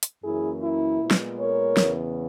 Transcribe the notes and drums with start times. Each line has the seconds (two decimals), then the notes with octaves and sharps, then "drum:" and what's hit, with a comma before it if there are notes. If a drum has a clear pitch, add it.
0.03 drum: hi-hat
0.24 F#2 E3 A#3 C#4 E4 G#4
0.63 E4
1.01 A#2 G#3 B3
1.11 drum: snare
1.39 A#4 C#5
1.77 E2 C#3 E3 B3, drum: snare